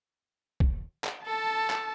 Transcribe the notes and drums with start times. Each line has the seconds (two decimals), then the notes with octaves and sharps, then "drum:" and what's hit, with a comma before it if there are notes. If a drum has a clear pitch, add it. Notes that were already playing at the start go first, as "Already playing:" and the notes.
0.60 drum: kick
1.04 drum: clap
1.26 A4 A5
1.70 drum: clap